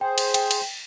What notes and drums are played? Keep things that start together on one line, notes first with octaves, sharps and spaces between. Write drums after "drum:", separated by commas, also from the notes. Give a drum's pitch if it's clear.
G#4 C5 G5
drum: cymbal
G5, drum: cymbal
drum: cymbal